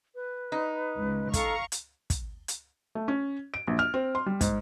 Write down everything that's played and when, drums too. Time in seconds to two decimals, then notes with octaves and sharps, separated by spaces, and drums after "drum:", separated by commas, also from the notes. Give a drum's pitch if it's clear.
0.15 B4
0.52 D#4
0.98 C#2
1.34 A4 F5 A#5 C#6, drum: kick, hi-hat
1.72 drum: hi-hat
2.10 drum: kick, hi-hat
2.48 drum: hi-hat
2.95 A3
3.08 C#4
3.54 D7
3.67 A#1
3.79 F6
3.94 C4
4.15 C6
4.26 G3
4.41 G#2, drum: kick, hi-hat